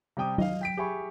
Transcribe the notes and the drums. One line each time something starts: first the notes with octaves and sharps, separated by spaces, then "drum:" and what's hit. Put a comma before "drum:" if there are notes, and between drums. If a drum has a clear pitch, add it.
C3 G3 G5 D#6
D#5 F5, drum: tom F#3
G5 B6 D7
G4 G#4 E5 G#5 B5 C#6